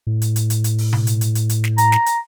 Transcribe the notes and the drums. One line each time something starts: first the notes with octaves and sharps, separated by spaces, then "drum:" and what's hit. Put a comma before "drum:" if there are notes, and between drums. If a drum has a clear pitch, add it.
A2
drum: hi-hat
drum: hi-hat
drum: hi-hat
drum: hi-hat
drum: open hi-hat
drum: tom B2
drum: hi-hat
drum: hi-hat
drum: hi-hat
drum: hi-hat
drum: snare
A#5, drum: hi-hat
drum: snare
drum: hi-hat